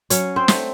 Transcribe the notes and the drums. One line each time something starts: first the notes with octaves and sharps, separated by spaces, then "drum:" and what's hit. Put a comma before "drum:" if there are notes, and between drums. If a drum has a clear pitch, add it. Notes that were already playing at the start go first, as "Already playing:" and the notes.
F#3 C#4 C#5, drum: hi-hat
C4 C5
A3, drum: snare